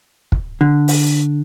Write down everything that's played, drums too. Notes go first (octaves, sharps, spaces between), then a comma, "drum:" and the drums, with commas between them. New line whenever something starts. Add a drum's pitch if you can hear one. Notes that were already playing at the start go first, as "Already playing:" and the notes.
drum: kick
D3
drum: open hi-hat